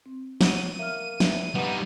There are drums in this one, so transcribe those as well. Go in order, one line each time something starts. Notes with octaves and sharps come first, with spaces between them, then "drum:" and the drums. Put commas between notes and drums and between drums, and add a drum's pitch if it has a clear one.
C4
F#3 D#7, drum: snare
A#3 E5 F6
E2 D4 E5, drum: snare
G3 B3 D#4